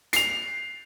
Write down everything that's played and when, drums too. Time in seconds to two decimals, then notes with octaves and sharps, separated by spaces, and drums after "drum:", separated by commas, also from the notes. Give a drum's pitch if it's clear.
0.13 C7 F7, drum: hi-hat